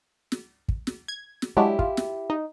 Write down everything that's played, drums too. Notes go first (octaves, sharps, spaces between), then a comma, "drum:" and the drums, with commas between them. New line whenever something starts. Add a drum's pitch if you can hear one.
drum: snare
drum: kick
drum: snare
G#6
drum: snare
F#3 G#3 D4 E4 G4
F4, drum: kick
drum: snare
D#4